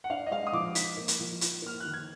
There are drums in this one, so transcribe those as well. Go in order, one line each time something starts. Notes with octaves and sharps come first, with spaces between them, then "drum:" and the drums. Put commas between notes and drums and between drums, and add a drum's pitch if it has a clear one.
F#5
D4 F5
D#5
G#3 F5
D#6
F3 D6
D#4 B6, drum: hi-hat
A#3
drum: hi-hat
F3
F4, drum: hi-hat
A#3 F6
D#3 F#6
G#6